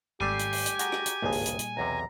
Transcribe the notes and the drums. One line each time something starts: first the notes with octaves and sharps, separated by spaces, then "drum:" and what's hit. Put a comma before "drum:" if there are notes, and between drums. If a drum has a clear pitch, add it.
G#1 G3 A3 G4 D5 G#5 C7
drum: hi-hat
drum: open hi-hat
drum: hi-hat
F#4 G#4 A#5, drum: hi-hat
drum: rim click
drum: hi-hat
G#1 C#2 G2 A#2 G3 G#4
drum: open hi-hat
drum: hi-hat
drum: hi-hat
B1 E2 C3 A#5